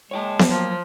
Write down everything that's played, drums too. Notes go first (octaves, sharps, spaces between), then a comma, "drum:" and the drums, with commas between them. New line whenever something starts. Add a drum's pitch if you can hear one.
G#3 C#5 G5 A5
drum: snare B3
F3 F#3 A#3